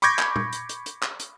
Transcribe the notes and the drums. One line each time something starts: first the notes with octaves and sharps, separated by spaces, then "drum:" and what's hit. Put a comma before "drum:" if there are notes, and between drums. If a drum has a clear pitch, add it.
B5 C#6 D6 G6 G#6 A#6, drum: hi-hat
drum: clap
drum: tom A#2
drum: hi-hat
drum: hi-hat
drum: hi-hat
drum: clap
drum: hi-hat